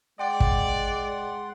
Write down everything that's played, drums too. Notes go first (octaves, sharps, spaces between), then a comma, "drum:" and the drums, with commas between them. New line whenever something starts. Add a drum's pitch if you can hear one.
G#3 D5 F#5 G5 C6
drum: kick